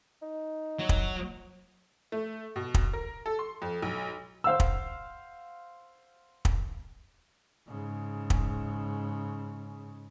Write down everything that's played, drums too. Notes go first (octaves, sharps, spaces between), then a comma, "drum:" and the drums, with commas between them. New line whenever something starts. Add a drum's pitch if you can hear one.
D#4
F#3
drum: kick
A3
B2
drum: kick
A#4
A4
C6
F2
B1
C5 F5 F#5 E6
drum: kick
drum: kick
G#2 C#3
drum: kick